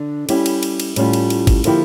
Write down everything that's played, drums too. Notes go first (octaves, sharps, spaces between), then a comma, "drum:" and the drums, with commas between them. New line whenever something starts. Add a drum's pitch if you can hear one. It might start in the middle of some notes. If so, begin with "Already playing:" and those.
Already playing: D3 D4
G3 C#4 E4 G4, drum: cymbal
drum: cymbal
drum: cymbal
drum: cymbal
A2 G3 C#4 F4, drum: cymbal
drum: cymbal
drum: cymbal
drum: kick, cymbal
D3 F3 A#3 E4 G4, drum: cymbal